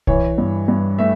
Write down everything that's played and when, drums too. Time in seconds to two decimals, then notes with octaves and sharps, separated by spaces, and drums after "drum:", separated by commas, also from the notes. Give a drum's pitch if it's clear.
0.07 E3 C#5, drum: kick B1
0.38 G2
0.68 G2
0.99 A3 E5